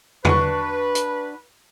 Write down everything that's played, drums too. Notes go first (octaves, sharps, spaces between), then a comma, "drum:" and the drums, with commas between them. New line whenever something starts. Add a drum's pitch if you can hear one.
D4 F#4 B4 C#6, drum: tom E2
drum: hi-hat